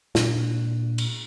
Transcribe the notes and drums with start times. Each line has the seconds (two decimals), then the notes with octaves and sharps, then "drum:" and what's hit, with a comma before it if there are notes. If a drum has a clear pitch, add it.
0.15 A#2 D4, drum: snare
0.98 drum: cymbal